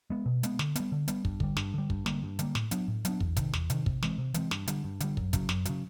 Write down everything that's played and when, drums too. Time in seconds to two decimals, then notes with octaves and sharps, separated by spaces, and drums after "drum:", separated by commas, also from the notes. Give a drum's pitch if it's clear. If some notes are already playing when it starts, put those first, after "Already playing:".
0.10 G#3 B3
0.26 B2
0.43 G#3 B3, drum: hi-hat
0.59 D3, drum: snare
0.76 G3 B3, drum: hi-hat
0.92 D3
1.08 G3 B3, drum: hi-hat
1.25 G2, drum: kick
1.40 D3 G3, drum: kick
1.57 G2, drum: snare
1.74 D3 G3
1.90 G2, drum: kick
2.06 D3 G3 A#3, drum: snare
2.23 G2
2.39 D3 G3 A#3, drum: hi-hat
2.55 A2, drum: snare
2.71 F#3 B3 D4, drum: hi-hat
2.88 A2
3.05 F#3 B3 D4, drum: hi-hat
3.20 E2, drum: kick
3.37 C3 D#3, drum: kick, hi-hat
3.53 E2, drum: snare
3.70 C3 D#3, drum: hi-hat
3.86 C3, drum: kick
4.03 E3 G#3 C4, drum: snare
4.18 C3
4.34 E3 G#3 C4, drum: hi-hat
4.51 G2, drum: snare
4.67 D3 G3, drum: hi-hat
4.84 G2
5.00 D3 G3, drum: hi-hat
5.17 F#2, drum: kick
5.33 C#3 F#3, drum: kick, hi-hat
5.49 F#2, drum: snare
5.65 C#3 F#3, drum: hi-hat